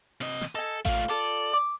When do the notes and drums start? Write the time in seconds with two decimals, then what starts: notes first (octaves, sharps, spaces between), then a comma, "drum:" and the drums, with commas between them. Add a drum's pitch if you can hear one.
0.21 C3 D#5
0.41 drum: snare
0.55 D#4 A4 G#5
0.85 A3 F4 F5, drum: kick A1, hi-hat
1.10 F4 A4 D5
1.24 drum: open hi-hat
1.53 D6